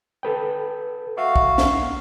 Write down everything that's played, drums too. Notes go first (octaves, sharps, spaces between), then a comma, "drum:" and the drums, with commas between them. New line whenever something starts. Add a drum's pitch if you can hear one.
A4 B4 G5
F#4 E5 F5 C#6
drum: kick
drum: snare